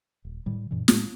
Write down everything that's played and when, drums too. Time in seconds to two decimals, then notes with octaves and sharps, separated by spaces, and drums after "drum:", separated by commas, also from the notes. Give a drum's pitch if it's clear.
0.25 D#1
0.46 A2 D#3 G3
0.71 F#2 A#2 C#3 E3
0.88 A2 G#3, drum: snare